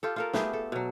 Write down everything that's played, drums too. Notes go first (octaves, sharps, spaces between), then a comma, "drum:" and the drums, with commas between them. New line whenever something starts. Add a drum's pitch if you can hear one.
F4 G4 A4
F4 A4 A#4
A3 B3 G4 G#4, drum: snare
A4
B2 F#3